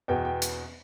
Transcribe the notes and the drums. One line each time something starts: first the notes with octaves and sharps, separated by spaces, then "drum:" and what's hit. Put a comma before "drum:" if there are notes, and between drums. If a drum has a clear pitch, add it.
E2 B2 B3 G5
G5
drum: hi-hat